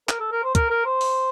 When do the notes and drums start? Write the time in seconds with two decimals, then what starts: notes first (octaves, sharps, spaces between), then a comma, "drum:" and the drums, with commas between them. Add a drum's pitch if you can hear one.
0.09 A#4, drum: clap
0.20 A4
0.32 A#4
0.44 C5
0.55 A#4, drum: kick, hi-hat
0.70 A#4
0.85 C5
1.01 drum: open hi-hat